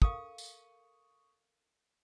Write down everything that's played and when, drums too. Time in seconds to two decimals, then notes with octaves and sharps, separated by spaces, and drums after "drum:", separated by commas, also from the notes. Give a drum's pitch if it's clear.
0.02 A4 A#4 F5 C#6 D#6, drum: kick
0.38 drum: tambourine